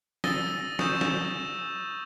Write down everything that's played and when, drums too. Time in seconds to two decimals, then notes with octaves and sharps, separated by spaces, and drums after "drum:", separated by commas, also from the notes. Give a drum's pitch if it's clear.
0.24 D#6 E6 A6 A#6 D#7 G7, drum: snare
0.79 C#6 D#6 E6 G6 E7, drum: snare
1.01 drum: snare